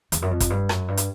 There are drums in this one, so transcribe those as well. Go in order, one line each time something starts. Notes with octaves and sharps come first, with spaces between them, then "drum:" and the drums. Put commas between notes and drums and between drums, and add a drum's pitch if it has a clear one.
E2, drum: hi-hat
F#2
F2
drum: kick, hi-hat
G2
F#2, drum: rim click
G2
drum: hi-hat